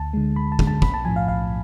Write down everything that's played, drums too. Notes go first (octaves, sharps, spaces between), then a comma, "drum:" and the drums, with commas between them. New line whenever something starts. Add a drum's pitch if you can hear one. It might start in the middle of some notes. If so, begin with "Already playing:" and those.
Already playing: D2 A5
D3 G#3
D2 B5
A5
D3 G#3, drum: kick
A5
B1 B5, drum: kick
A5
A2 F3 G#5
F5
B1 F5